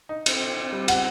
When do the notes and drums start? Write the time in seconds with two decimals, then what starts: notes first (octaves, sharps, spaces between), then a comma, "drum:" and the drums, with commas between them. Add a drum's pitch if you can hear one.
0.09 D#4
0.26 C4, drum: cymbal
0.41 C4
0.57 C4
0.72 G3
0.88 C4 F#5, drum: cymbal